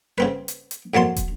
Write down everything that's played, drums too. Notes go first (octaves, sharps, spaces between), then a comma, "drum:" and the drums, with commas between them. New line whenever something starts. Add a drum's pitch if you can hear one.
C#3 C4 B4
drum: hi-hat
drum: hi-hat
F2 F#3 A#3 A5 C6
drum: kick, hi-hat